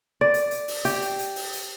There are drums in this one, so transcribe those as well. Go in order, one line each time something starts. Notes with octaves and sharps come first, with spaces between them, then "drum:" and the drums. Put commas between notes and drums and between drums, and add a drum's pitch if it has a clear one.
D5
drum: hi-hat
drum: hi-hat
drum: open hi-hat
G4, drum: hi-hat
drum: hi-hat
drum: hi-hat
drum: open hi-hat
drum: hi-hat